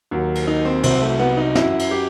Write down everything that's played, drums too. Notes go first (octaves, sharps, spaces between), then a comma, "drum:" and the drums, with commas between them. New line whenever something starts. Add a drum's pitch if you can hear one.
D#2 D#3 F#3
drum: cymbal
D#4
C4
C2 C3 F#3 C4, drum: cymbal
A3
B3
D#4
F#2 F#3 E4, drum: snare
drum: cymbal
G4